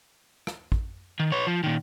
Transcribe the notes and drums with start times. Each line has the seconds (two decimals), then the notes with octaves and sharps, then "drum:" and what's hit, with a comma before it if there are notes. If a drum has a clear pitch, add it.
0.47 drum: rim click
0.72 drum: kick
1.20 D#3
1.32 B4 C#5
1.47 F3
1.64 A#2 D#3